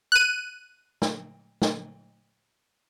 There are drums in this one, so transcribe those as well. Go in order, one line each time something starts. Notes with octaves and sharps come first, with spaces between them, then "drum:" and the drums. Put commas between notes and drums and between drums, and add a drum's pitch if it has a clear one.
F#6 D#7
drum: snare
drum: snare